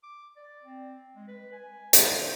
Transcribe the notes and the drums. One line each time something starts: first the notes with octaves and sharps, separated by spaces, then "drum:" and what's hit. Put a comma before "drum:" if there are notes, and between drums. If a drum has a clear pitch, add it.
D6
D5
C4
G#3
B4
G#5
C5, drum: hi-hat